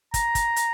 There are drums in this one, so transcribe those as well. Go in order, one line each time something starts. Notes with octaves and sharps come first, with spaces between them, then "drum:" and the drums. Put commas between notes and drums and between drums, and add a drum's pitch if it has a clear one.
A#5, drum: kick, hi-hat
drum: kick, hi-hat
drum: hi-hat